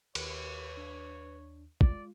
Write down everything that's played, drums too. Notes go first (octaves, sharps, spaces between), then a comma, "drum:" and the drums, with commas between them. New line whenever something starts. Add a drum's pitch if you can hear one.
D#2 G4 A#4 B4 C#5, drum: cymbal
D4
G#3 F4 D5, drum: kick